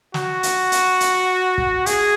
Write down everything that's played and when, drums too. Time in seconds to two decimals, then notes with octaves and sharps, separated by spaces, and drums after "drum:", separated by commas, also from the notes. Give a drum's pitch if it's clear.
0.14 F#4, drum: snare
0.43 drum: hi-hat
0.72 drum: hi-hat
1.00 drum: hi-hat
1.58 drum: kick
1.86 G#4, drum: hi-hat